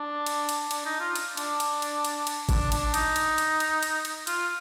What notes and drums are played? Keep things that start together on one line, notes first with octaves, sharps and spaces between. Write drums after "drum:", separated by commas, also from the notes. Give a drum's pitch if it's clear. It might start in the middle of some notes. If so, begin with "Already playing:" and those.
Already playing: D4
drum: cymbal
drum: cymbal
D4, drum: cymbal
D#4
F4
drum: cymbal
D4, drum: cymbal
drum: cymbal
drum: cymbal
drum: cymbal
drum: cymbal
D4, drum: kick G#1, cymbal
D4, drum: cymbal
D#4, drum: cymbal
drum: cymbal
drum: cymbal
drum: cymbal
drum: cymbal
drum: cymbal
F4, drum: cymbal